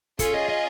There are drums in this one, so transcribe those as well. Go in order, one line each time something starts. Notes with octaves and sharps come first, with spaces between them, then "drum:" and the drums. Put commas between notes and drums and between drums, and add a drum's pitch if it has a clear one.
C#4 F4 G#4 A4, drum: kick, hi-hat
D#5
D#5